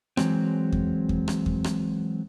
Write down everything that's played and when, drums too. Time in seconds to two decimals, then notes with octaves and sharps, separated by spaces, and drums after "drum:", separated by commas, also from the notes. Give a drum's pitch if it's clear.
0.17 E3 F#3 G#3 C4, drum: rim click
0.72 drum: kick E2
1.09 drum: kick E2
1.28 drum: rim click
1.46 drum: kick E2
1.64 drum: rim click